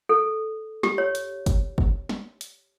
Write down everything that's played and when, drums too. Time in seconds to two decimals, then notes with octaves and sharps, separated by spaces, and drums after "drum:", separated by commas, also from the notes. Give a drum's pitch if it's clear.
0.09 A4
0.83 G4, drum: snare
0.98 C#5
1.15 drum: hi-hat
1.46 drum: kick G1, hi-hat
1.78 drum: kick G1
2.09 drum: snare
2.41 drum: hi-hat